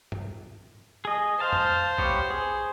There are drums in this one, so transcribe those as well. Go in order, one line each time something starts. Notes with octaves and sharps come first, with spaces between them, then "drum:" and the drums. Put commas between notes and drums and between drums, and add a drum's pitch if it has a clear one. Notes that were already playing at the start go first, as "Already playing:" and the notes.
drum: tom
G#4 D#5
C5 F5 A5
drum: tom F2
B3 G4 C#5, drum: kick A#1
G#4